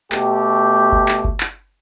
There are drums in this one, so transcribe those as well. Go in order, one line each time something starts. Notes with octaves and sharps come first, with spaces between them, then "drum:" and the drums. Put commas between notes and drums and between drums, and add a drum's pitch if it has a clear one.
B2 A3 G4, drum: clap
drum: kick G1
drum: clap
drum: kick G1
drum: clap